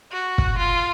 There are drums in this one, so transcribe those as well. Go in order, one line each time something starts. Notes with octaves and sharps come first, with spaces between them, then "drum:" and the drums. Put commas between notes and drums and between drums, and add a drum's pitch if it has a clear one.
F#4
drum: kick
F4